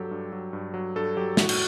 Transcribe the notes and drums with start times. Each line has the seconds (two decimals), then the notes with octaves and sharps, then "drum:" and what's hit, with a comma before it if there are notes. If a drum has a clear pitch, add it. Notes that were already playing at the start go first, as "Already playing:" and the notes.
Already playing: G2 F#3 G4 A4
0.11 G2
0.33 F#3
0.53 G2
0.74 F#3
0.96 G2 A4
1.17 F#3 G4
1.37 A2 F#4, drum: snare
1.49 F#4, drum: cymbal